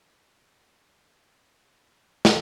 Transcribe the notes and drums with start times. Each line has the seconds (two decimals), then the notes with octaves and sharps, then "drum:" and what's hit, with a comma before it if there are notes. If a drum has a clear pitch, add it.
0.73 E5
1.21 A5 C#6 G6 B6
1.76 G2
2.25 drum: snare